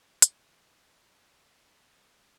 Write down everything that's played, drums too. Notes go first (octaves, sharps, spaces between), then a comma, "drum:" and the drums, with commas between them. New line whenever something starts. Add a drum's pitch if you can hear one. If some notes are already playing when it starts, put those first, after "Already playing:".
C3 C5 D5 C6 D6 E7, drum: hi-hat